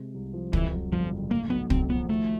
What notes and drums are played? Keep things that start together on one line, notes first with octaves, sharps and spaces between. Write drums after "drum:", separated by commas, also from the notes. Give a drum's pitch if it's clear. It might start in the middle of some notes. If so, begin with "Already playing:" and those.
Already playing: C3 G#3
C2
F3
F2 E3, drum: kick
F#3
G1 F3
C#3
A2 A#3
B1 B3
B1 C4, drum: kick
F3 B3
D#3 A3